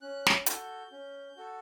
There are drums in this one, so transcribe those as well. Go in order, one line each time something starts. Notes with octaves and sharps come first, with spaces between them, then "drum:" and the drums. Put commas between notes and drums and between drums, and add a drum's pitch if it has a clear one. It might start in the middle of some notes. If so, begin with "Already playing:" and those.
C#4 F#6
drum: snare
F#4 A4 G6, drum: hi-hat
C#4
F#4 A4